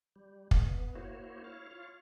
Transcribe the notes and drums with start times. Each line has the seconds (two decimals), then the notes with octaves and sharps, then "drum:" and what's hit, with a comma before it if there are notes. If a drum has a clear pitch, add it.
0.16 G3
0.51 G#3, drum: kick
0.65 B3
0.95 A#3 E4 F#4 C5 C#5
1.44 E4 C#5 F5
1.71 F4 C#5 F5